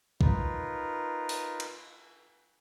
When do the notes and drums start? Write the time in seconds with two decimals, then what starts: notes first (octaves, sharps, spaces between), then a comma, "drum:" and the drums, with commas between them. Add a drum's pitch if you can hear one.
0.21 D#4 F4 A#4 B4, drum: kick B1
1.29 drum: open hi-hat
1.60 drum: cymbal